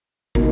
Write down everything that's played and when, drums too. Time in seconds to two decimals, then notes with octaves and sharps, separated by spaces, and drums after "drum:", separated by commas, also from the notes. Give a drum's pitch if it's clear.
0.35 B2 A#3 D#4, drum: kick